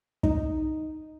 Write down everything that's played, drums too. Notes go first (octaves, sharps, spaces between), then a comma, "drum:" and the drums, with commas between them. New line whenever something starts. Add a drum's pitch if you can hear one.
D#4, drum: kick